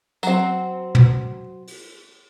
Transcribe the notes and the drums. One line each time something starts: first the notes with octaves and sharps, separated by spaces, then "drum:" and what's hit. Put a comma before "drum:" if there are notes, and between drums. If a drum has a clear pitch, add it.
F#3 C4, drum: tambourine
drum: tom
drum: open hi-hat